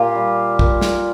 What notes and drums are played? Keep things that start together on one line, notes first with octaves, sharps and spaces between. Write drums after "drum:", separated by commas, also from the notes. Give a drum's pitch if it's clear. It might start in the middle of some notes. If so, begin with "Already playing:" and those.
Already playing: A#2 F4 G4
G3
A#2, drum: kick A#1
drum: snare